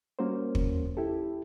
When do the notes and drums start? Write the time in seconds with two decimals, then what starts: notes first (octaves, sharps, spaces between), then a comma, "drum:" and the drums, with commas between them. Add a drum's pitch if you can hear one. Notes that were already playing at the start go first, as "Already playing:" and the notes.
0.19 G3 A#3 C#4 F#4 A#4 C5
0.55 drum: kick
0.97 E4 G4 A4